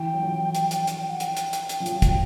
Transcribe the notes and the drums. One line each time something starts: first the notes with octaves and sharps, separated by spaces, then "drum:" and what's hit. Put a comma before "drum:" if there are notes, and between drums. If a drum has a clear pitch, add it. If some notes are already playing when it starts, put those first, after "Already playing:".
Already playing: E3 G5
F#3
F3
drum: hi-hat
drum: hi-hat
drum: hi-hat
F#5
G5, drum: hi-hat
drum: hi-hat
drum: hi-hat
drum: hi-hat
F3
F#3, drum: hi-hat
drum: kick, hi-hat